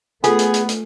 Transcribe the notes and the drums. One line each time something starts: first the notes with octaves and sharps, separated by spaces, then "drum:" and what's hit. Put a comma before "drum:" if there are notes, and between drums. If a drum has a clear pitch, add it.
A3 B3 F4 G#4 A4 G#5, drum: hi-hat
drum: hi-hat
drum: hi-hat
drum: hi-hat